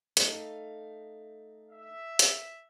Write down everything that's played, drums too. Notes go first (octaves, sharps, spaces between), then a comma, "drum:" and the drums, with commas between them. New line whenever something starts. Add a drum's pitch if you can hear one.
A3 D#4 F5, drum: hi-hat
E5
drum: hi-hat